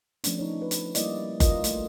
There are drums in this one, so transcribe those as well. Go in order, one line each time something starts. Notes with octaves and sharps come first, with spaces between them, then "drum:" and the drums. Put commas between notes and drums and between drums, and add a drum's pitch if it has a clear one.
F3 A3 B3 C#4 D4, drum: hi-hat
D#4 C#5
B4
drum: hi-hat
G3 A#3 E4 D5 D#5, drum: hi-hat
F4 A#4 D#5, drum: kick F#1, hi-hat
A3, drum: hi-hat